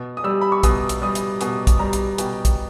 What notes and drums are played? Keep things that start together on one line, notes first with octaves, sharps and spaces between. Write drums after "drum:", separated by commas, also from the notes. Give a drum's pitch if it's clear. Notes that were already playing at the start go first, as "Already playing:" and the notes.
Already playing: B2
D#6
G3 E6
B5
C#6
B2 D#6, drum: kick, hi-hat
drum: hi-hat
G3 D#6
drum: hi-hat
B2 D#6, drum: hi-hat
drum: kick, hi-hat
G3 A#5
drum: hi-hat
B2 G5, drum: hi-hat
drum: kick, hi-hat